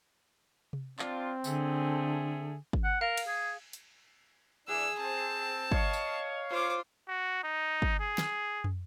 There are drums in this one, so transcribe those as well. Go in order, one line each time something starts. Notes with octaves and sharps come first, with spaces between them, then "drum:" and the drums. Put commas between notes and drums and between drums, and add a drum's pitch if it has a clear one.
drum: tom C3
C4 D4 F4, drum: clap
D3 A3 G#4, drum: tambourine
drum: kick
F#5
A#4 F5
drum: cymbal
G#4
drum: hi-hat
E3 D4 E4 G#4 E6
C4 A5
C#5 D#5 F5, drum: kick
drum: tambourine
F4 C5 D6
F#4
D#4
drum: kick
G#4
drum: snare
drum: tom